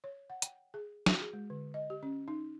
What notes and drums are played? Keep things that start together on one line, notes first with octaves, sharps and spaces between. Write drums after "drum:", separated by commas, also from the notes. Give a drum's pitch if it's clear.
C#5
F#5
G5, drum: hi-hat
G#4
F#4, drum: snare
G#4
G#3
D3
D#5
G4
C#4
D#4